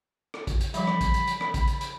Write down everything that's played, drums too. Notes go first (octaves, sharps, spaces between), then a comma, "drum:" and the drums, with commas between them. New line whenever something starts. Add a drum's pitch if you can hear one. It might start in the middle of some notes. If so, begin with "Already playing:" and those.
drum: rim click
drum: kick, hi-hat
drum: hi-hat
E3 F3 G3 B5, drum: hi-hat
drum: rim click
drum: kick, hi-hat
drum: hi-hat
drum: hi-hat
drum: rim click
drum: kick, hi-hat
drum: hi-hat
drum: hi-hat